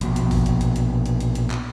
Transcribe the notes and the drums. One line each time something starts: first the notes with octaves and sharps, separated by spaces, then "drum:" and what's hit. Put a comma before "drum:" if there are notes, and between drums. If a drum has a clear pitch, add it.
A#1 B2, drum: hi-hat
drum: hi-hat
drum: kick G1, open hi-hat
drum: hi-hat
drum: hi-hat
drum: hi-hat
drum: hi-hat
drum: hi-hat
drum: hi-hat
drum: clap